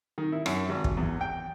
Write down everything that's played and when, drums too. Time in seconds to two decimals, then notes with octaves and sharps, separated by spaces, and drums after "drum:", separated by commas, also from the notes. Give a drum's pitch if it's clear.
0.18 D#3
0.32 E4
0.46 F#2, drum: rim click
0.69 G#1
0.84 drum: kick
0.97 E2
1.21 G5